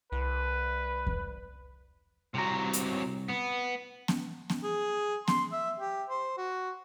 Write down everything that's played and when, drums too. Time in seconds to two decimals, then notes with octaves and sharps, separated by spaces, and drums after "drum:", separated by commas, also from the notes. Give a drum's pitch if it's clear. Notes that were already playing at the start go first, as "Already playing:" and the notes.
0.12 C2 B4
1.07 drum: kick E2
2.34 C2 C3 F#3 A#5
2.73 drum: hi-hat
3.29 B3
4.08 drum: snare B3
4.50 drum: snare B3
4.63 G#4
5.28 C6, drum: snare B3
5.52 E5
5.79 G4
6.10 C5
6.37 F#4